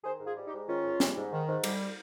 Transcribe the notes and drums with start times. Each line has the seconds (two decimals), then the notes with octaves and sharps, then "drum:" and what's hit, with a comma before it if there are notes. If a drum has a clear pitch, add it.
0.04 D#3 G#4 C5
0.20 G#2
0.26 F4 G#4
0.36 G3
0.47 D#4 G4
0.52 G#2
0.68 D#3 C#4 F4
0.84 G#2
1.00 G3, drum: snare
1.15 G#2
1.32 D#3
1.47 G#2
1.64 G3, drum: cymbal